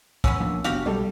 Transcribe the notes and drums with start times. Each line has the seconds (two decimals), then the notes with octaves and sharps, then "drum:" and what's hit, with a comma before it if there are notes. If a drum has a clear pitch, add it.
0.24 B3 C#4 E6, drum: kick, hi-hat
0.40 F3 A#3 D4
0.64 F#1 B3 D4 F#4 G4 F5, drum: hi-hat
0.86 B1 G3 A4